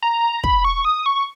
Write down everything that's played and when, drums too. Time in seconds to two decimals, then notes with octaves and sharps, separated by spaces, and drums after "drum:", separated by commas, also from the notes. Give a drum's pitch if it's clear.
0.02 A#5
0.44 B5, drum: kick
0.64 C#6
0.85 D#6
1.06 C#6